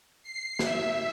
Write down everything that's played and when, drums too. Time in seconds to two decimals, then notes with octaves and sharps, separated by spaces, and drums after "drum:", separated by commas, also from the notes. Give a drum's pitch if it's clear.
0.23 C7
0.59 E5, drum: snare